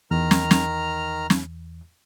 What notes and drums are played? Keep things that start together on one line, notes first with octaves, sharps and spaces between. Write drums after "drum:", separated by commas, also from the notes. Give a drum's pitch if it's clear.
E2 D#3 A#5 F6
drum: snare
drum: snare
drum: snare